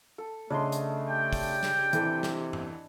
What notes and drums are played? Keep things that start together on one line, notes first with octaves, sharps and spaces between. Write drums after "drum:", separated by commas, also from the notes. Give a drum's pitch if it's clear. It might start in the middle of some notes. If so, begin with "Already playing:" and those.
A4
C#3 A3 D4 D#5 C6
drum: hi-hat
G4 D5 G5
drum: kick, open hi-hat
drum: snare
C3 E3 A4, drum: hi-hat
drum: snare
drum: tom G2